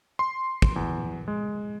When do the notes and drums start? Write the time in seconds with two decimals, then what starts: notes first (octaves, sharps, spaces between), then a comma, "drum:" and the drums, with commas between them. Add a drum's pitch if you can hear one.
0.19 C6
0.62 drum: kick
0.76 E2
1.28 G#3